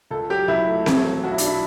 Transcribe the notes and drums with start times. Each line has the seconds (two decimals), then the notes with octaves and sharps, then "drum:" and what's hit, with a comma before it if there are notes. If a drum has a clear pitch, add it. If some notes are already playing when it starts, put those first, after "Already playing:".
0.11 C#2 A4
0.30 F#3 G4
0.48 C#2 E4
0.67 A3
0.86 A1, drum: snare C4
1.05 F#3
1.24 B1 F#4
1.31 E4
1.38 D4, drum: hi-hat
1.42 F#3 E4